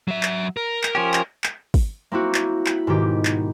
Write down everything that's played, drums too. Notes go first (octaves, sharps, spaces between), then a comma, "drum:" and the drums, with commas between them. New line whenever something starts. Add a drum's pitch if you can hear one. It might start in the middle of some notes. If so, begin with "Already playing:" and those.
F#3 E5
drum: clap
A#4
drum: clap
F3 C#4 G4
drum: clap
drum: clap
drum: kick, open hi-hat
A#3 C4 E4 F#4
drum: clap
B5, drum: clap
G#2 B2 D#3 G4
drum: clap